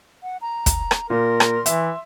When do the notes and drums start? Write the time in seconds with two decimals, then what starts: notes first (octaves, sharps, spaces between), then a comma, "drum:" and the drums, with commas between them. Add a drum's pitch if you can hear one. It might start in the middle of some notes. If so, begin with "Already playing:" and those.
0.23 F#5
0.41 A#5
0.66 drum: kick, hi-hat
0.91 drum: rim click
1.10 A#2 A#4 C6
1.40 drum: rim click
1.66 E3 E5, drum: hi-hat